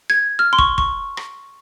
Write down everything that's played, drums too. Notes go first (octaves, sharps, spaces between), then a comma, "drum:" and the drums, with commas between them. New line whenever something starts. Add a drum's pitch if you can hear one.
G#6
F6
C6
C#6, drum: kick
C#6, drum: kick
drum: rim click